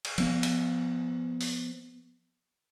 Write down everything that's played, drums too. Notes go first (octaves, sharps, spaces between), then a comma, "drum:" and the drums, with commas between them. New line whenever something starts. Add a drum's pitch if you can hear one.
drum: cymbal
F3 B3, drum: cymbal
drum: hi-hat
drum: open hi-hat